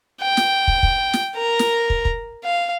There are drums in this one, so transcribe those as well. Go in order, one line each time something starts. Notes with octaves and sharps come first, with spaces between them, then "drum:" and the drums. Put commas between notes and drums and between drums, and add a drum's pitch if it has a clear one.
G5
drum: snare
drum: kick
drum: kick
drum: snare
A#4 A#5
drum: snare
drum: kick
drum: kick
F5